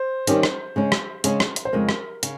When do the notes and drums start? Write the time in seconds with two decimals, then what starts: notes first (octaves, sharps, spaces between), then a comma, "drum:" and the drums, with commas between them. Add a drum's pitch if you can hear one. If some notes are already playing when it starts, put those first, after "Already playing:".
Already playing: C5
0.27 D#3 G3 C#4 G4, drum: hi-hat
0.43 drum: rim click
0.76 C#3 G#3 C#4
0.92 drum: rim click
1.24 C#3 G#3 C#4, drum: hi-hat
1.40 drum: rim click
1.56 drum: hi-hat
1.65 C5
1.73 F2 C#3 G#3 A#4
1.89 drum: rim click
2.23 C#3, drum: hi-hat